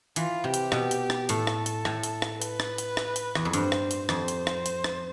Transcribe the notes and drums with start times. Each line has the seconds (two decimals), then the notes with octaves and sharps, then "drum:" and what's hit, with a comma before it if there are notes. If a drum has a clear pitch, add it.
0.16 E3 F4, drum: hi-hat
0.44 C3 G4
0.54 drum: hi-hat
0.72 B2, drum: rim click
0.91 drum: hi-hat
1.10 drum: rim click
1.29 A2 A4, drum: hi-hat
1.47 drum: rim click
1.66 drum: hi-hat
1.85 A2, drum: rim click
2.03 drum: hi-hat
2.22 drum: rim click
2.42 B4, drum: hi-hat
2.60 drum: rim click
2.78 drum: hi-hat
2.97 drum: rim click
3.16 drum: hi-hat
3.35 E2, drum: rim click
3.45 F2
3.53 G2 C5, drum: hi-hat
3.72 drum: rim click
3.91 drum: hi-hat
4.09 F2 C5, drum: rim click
4.28 drum: hi-hat
4.47 drum: rim click
4.66 drum: hi-hat
4.84 drum: rim click